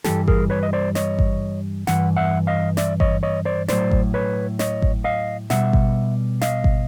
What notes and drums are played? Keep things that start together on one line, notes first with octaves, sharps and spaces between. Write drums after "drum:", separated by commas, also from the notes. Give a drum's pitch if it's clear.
G2 E3 G3 G4 A4, drum: snare
G#4 A#4, drum: kick G#1
B4 C#5
D#5
C5 D5
C#5 D#5, drum: snare
drum: kick G#1
G2 E3 F#5, drum: snare
E5 F#5
D#5 F5
D5 E5, drum: snare
C#5 D#5, drum: kick G#1
C#5 D#5
C5 D5
A2 F#3 C5 D5, drum: snare
drum: kick G#1
B4 C#5
C#5 D#5, drum: snare
drum: kick G#1
D#5 F5
B2 G3 E5 F#5, drum: snare
drum: kick G#1
D#5 F5, drum: snare
drum: kick G#1